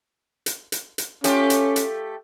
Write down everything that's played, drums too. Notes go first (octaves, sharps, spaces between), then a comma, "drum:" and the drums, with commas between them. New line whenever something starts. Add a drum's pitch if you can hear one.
drum: hi-hat
drum: hi-hat
drum: hi-hat
A3 C#4 F4 G4, drum: hi-hat
drum: hi-hat
drum: hi-hat